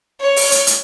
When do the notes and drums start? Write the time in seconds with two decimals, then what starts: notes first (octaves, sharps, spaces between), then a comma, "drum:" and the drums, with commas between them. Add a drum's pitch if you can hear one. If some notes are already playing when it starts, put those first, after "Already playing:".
0.21 C#5
0.36 drum: open hi-hat
0.52 drum: hi-hat
0.67 drum: hi-hat